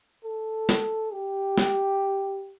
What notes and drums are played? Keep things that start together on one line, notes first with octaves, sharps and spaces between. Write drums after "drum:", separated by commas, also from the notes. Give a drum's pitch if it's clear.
A4
drum: snare
G4
drum: snare